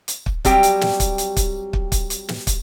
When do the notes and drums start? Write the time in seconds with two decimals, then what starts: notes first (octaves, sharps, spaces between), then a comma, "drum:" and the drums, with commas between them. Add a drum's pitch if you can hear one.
0.08 drum: hi-hat
0.26 drum: kick
0.45 F#3 G3 C4 G4 G5, drum: kick, hi-hat
0.63 drum: hi-hat
0.81 drum: snare
1.00 drum: kick, hi-hat
1.18 drum: hi-hat
1.37 drum: kick, hi-hat
1.73 drum: kick
1.92 drum: kick, hi-hat
2.10 drum: hi-hat
2.29 drum: snare
2.47 drum: kick, hi-hat